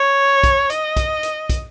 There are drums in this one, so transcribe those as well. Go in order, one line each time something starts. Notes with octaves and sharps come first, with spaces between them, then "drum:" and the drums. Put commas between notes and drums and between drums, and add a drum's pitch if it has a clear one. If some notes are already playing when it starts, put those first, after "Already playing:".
Already playing: C#5
drum: kick, hi-hat
D#5, drum: hi-hat
drum: kick, hi-hat
drum: hi-hat
drum: kick, hi-hat